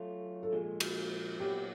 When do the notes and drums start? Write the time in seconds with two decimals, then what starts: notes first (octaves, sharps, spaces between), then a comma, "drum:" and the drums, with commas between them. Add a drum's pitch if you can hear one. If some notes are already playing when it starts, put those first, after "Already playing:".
Already playing: F#3 A3 C#4 F4 A4
0.43 A4
0.52 A#2 F3 G#3 G#4
0.80 drum: cymbal
1.40 A#2 F#3 B3 G4